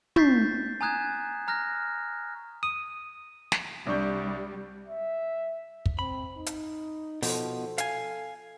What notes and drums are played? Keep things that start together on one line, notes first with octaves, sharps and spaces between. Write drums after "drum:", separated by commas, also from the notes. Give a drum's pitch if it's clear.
C#6 G6 A6 B6 C7, drum: tom
G#5 A#5 D#6 F#6 G#6 E7
A#5 F6 F#6 A#6
D#6
drum: snare
C2 G3 D4 D5 C#6 G6
E5
drum: kick
C4 B5
D#4
drum: hi-hat
B2 F3 A4, drum: open hi-hat
F5 G#5, drum: hi-hat